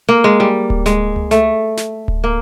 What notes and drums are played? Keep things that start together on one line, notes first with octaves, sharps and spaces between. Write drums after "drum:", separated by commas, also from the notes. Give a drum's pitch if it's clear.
A#3
G#3
G3
drum: kick D1
G#3, drum: snare
drum: tom C#2
A3, drum: snare
drum: snare
drum: kick D1
A#3